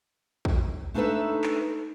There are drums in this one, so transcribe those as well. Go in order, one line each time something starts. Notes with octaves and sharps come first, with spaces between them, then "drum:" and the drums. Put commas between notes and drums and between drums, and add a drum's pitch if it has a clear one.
drum: kick
A3 D4 D#4 A4 B4 E5
drum: clap